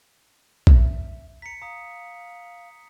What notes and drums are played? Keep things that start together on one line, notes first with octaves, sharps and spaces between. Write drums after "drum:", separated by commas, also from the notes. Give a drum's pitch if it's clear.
E5, drum: kick A#1
A#5 B6 C#7
F5 A#5 D#6